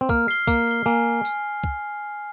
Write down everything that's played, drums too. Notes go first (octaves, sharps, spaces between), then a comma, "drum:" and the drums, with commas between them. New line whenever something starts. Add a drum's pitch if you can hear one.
C4
A#3 F6, drum: kick
C7 G7
A#3 F6, drum: kick, tambourine
C7 G7
A#3 G#5
drum: tambourine
drum: kick